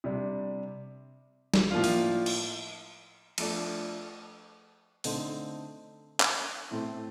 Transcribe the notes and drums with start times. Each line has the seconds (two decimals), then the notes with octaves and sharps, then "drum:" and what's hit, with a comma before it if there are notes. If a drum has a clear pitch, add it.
0.04 C3 G3 D4
1.54 drum: snare
1.71 A2 F3 A#3 D4 F4
1.84 drum: open hi-hat
2.26 drum: cymbal
3.38 F3 A3 D4, drum: cymbal
5.04 D3 A3 C4 D#4, drum: open hi-hat
6.20 drum: clap
6.71 A2 A3 C4